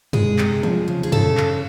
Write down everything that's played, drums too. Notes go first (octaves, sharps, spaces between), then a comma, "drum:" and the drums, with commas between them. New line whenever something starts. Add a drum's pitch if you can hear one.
G#3 G#4, drum: tom
C3, drum: clap
F3, drum: tom
C#3
G#4
C#3 A4, drum: tom
drum: clap